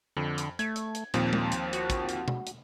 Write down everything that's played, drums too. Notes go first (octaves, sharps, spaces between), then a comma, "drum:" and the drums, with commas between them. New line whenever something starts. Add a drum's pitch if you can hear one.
F2 D3
drum: hi-hat
A3 G#6, drum: hi-hat
drum: hi-hat
drum: hi-hat
D#2 A#2 F3 C4, drum: hi-hat
drum: tom G#3
drum: hi-hat
F#4, drum: hi-hat
drum: kick, hi-hat
drum: hi-hat
drum: tom B2
drum: hi-hat